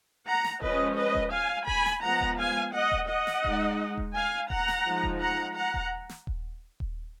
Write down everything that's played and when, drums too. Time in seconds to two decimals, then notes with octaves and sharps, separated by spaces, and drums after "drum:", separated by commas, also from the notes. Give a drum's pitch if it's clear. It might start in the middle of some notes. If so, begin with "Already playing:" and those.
0.26 F#5 A#5
0.44 drum: snare
0.62 F3 G#3 C#4 B4 D#5, drum: kick D#1
0.97 B4 D#5
1.15 drum: kick D#1
1.33 F5 G#5
1.67 G#5 B5, drum: kick D#1
1.86 drum: snare
2.03 F3 G#3 B3 F#5 A#5
2.21 drum: kick D#1
2.39 F5 G#5
2.74 D#5 F#5
2.92 drum: kick D#1
3.09 D#5 F#5
3.27 drum: snare
3.44 G#3 D#4, drum: kick D#1
3.98 drum: kick D#1
4.15 F5 G#5
4.50 F#5 A#5, drum: kick D#1
4.68 drum: snare
4.86 F3 G#3 D#4
5.03 drum: kick D#1
5.21 F#5 A#5
5.56 F#5 A#5
5.74 drum: kick D#1
6.09 drum: snare
6.27 drum: kick D#1
6.80 drum: kick D#1